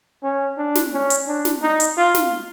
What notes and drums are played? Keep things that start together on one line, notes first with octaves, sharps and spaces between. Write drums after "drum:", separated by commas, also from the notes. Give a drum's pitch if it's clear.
C#4
D4
drum: snare
C#4
drum: hi-hat
D4
drum: snare
D#4
drum: hi-hat
F4
drum: snare